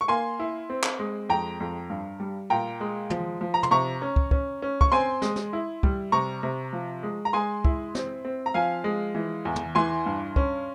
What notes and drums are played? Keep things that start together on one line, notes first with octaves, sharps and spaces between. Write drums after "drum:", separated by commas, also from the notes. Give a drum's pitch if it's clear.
C#6
A#3 G#5 C6
E4
C4
drum: clap
G#3
F2 G5 A#5
F2
G2
G3
A#2 G5 A#5
G#3
F3, drum: tom
F3
A#5
C6, drum: tom
C3 A#5 C#6
C#4
drum: kick
C#4, drum: kick
C#4
C#6, drum: kick
C4 G#5 C6
G#3, drum: snare
drum: snare
E4
G3, drum: kick
C3 A#5 C#6
C3
F3
G#3
A#5
G#3 G#5 C6
E4, drum: kick
C4, drum: snare
C4
A#5
F3 F5 G#5
G#3
E3
E2
drum: tom
E3 G#5 C6
G2
C#4, drum: kick